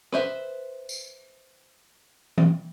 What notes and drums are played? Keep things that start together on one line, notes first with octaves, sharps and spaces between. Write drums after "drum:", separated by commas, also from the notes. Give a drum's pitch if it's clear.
B4 C5 E5, drum: rim click
drum: tambourine
drum: tom E3